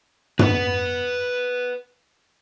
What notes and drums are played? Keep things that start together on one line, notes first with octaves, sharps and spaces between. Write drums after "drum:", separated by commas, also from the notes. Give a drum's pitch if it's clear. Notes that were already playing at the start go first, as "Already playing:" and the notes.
B4 F#5, drum: tom